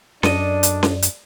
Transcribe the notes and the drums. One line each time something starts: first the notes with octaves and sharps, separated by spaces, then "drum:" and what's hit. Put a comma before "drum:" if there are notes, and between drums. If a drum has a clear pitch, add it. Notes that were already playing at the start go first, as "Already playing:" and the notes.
F#2 D4 A4 D5 D#5, drum: snare C#4
drum: hi-hat
drum: snare C#4
drum: hi-hat